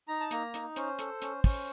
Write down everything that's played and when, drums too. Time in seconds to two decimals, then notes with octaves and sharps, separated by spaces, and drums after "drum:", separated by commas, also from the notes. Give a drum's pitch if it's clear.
0.08 D#4 A#5
0.20 A5
0.31 A#3 A#5, drum: hi-hat
0.54 D#4, drum: hi-hat
0.76 C#4 C5, drum: hi-hat
0.99 A4, drum: hi-hat
1.22 C#4, drum: hi-hat
1.44 C#4, drum: kick, open hi-hat